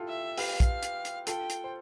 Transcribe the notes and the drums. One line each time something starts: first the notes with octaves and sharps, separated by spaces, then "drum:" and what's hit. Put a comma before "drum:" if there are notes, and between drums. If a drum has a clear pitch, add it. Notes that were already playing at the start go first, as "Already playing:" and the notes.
Already playing: E4 F4 G4 A4
E5
G4 B4 F5, drum: open hi-hat
drum: kick, hi-hat
drum: hi-hat
drum: hi-hat
F4 A4 G5, drum: hi-hat
drum: hi-hat
C5